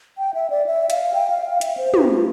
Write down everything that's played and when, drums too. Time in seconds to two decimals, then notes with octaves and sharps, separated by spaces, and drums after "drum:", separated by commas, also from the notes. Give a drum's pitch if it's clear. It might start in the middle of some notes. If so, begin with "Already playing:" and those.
0.18 G5
0.34 E5
0.50 D5
0.66 E5
0.90 F5, drum: hi-hat
1.14 G5
1.30 F5
1.46 F5
1.61 E5, drum: hi-hat
1.77 C5
1.94 B4, drum: tom
2.09 F4